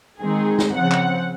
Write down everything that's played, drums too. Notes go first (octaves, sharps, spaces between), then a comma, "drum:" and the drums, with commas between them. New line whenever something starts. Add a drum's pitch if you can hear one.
D#3 G#3 C4 D#4 G#4
drum: snare
C#3 F3 C4 F#5
drum: clap